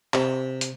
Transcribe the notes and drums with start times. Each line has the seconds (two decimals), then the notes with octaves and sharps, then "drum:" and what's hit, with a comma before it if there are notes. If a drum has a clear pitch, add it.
0.14 C3, drum: clap
0.61 drum: hi-hat